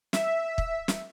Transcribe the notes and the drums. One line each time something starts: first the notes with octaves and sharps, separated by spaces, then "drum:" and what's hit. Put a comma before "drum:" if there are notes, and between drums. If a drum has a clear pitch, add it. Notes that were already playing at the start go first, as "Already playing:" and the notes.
E5, drum: snare
drum: kick
drum: snare